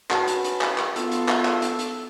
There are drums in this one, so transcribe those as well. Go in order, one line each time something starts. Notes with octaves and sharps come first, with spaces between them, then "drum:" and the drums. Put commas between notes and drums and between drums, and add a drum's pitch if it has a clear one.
C#4 F#4 B4 A5, drum: clap
drum: hi-hat
drum: hi-hat
drum: clap
drum: clap
B3 F4 A4, drum: hi-hat
drum: hi-hat
drum: clap
drum: clap
drum: hi-hat
drum: hi-hat